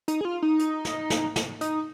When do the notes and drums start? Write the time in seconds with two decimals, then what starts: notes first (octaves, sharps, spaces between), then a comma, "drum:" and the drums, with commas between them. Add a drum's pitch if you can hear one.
0.08 D#4, drum: hi-hat
0.21 G#4
0.25 F4
0.42 D#4
0.59 drum: hi-hat
0.85 drum: snare
1.10 drum: snare
1.36 drum: snare
1.61 D#4, drum: hi-hat